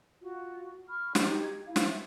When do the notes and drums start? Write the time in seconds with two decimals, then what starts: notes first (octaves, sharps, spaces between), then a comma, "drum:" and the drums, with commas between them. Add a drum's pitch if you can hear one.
0.22 F4 F#4
0.89 B5 C#6 F6
1.15 D#4 F#4 G4, drum: snare
1.43 G#6
1.66 E4 F5
1.76 drum: snare
1.87 E5